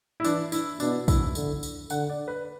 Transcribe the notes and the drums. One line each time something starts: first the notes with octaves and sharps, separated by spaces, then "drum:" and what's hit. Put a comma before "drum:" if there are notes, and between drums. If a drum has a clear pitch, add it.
E4
E3 D4, drum: tambourine
E4, drum: tambourine
B2 D4, drum: tambourine
E4, drum: kick, tambourine
D3, drum: tambourine
drum: tambourine
D3 F#5, drum: tambourine
D5
B4